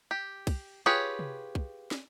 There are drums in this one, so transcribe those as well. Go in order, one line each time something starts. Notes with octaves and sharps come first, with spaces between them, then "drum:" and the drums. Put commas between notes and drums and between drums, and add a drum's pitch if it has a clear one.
G4
drum: kick, cymbal
F4 G4 G#4 B4 C#5
drum: tom C3
drum: kick
drum: snare